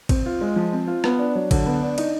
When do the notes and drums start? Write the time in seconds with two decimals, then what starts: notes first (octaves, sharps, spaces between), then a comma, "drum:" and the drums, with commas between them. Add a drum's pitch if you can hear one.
0.09 C4, drum: kick G#1, cymbal
0.26 F4
0.41 G#3
0.56 F3
0.73 C4
0.87 F4
1.04 B3, drum: rim click
1.19 D4
1.35 F#3
1.51 D3, drum: kick G#1, cymbal
1.66 B3
1.82 D4
1.98 D#4, drum: cymbal